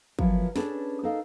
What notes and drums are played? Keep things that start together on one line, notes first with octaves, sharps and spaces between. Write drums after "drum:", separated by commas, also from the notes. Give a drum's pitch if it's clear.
F3 F#3 E4 F#4 A#4 B4, drum: kick
C#4 D4 G#4 A4 B4, drum: snare
D#4 A4 A#4 D#5 F5